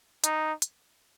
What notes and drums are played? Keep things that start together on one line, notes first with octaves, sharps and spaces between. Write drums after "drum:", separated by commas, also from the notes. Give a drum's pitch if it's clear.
D#4, drum: hi-hat
drum: hi-hat